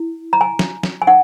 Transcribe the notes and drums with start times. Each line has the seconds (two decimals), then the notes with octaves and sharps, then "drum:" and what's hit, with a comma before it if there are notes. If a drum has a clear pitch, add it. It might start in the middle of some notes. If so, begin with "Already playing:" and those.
Already playing: E4
0.33 A#5
0.41 G#5
0.59 drum: snare
0.83 drum: snare
1.02 G#5
1.07 D#4 F#5